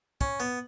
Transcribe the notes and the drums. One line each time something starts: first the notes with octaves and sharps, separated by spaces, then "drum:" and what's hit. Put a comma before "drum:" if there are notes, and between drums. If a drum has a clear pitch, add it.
C#4, drum: kick
B3